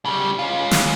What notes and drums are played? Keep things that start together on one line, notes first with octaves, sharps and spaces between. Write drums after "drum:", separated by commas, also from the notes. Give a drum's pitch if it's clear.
C#3 G3
C#4 F4
drum: snare